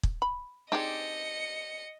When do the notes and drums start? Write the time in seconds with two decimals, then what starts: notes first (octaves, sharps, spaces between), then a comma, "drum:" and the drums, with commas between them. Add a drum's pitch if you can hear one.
0.03 drum: kick
0.22 B5
0.72 C4 D4 D#4 G4 G#4 D#5 C#7